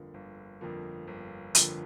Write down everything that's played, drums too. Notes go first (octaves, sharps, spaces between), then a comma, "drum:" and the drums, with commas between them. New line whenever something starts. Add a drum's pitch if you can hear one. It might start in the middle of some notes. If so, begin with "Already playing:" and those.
Already playing: G1 F2 D3 F3 A#3
G1
F2 D3 F3 A#3
G1
F2 D3 F3 A#3, drum: hi-hat